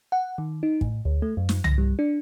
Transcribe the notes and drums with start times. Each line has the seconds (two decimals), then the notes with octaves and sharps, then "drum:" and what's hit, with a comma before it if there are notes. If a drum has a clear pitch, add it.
0.12 F#5
0.38 D#3
0.63 D#4
0.81 A2, drum: kick
1.05 D2
1.22 A3
1.37 F#2
1.49 drum: snare
1.64 A#6, drum: tom C2
1.78 G3
1.99 D4